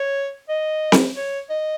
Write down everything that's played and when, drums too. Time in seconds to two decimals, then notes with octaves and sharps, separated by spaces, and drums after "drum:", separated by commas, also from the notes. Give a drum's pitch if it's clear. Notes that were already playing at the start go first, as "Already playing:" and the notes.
Already playing: C#5
0.49 D#5
0.92 drum: snare C4
1.16 C#5
1.50 D#5